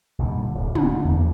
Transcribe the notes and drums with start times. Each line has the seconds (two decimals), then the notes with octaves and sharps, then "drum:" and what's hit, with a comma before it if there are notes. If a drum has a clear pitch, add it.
0.18 B1 A#2 D3 G3
0.54 D1
0.75 D3, drum: tom
1.04 E2 F3 A#3